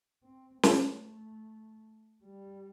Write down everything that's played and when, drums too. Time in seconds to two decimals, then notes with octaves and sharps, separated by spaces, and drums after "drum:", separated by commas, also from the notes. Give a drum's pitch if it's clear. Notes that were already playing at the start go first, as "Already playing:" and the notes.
0.23 C4
0.63 A3, drum: snare
2.24 G3